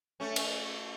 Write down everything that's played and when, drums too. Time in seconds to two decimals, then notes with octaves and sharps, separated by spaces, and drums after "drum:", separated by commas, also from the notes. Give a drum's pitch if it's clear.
0.20 A3 C#4
0.36 drum: cymbal